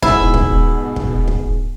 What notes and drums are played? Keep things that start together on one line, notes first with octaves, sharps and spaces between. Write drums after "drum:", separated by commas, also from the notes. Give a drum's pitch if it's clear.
G#2 B2 B3 E4 G#4, drum: kick
drum: kick
drum: kick
drum: kick